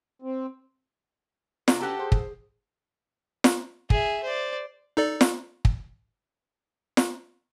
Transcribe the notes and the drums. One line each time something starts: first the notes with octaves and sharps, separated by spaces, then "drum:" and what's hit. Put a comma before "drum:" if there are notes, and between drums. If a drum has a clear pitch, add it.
C4
C3 F#3 D4 A4, drum: snare
C#4 D4 F#4 G4 A4 B4 F#5
G#4 C5
drum: kick
drum: snare
G#4 E5, drum: kick
C5 D5
D#4 A4 D5
drum: snare
drum: kick
drum: snare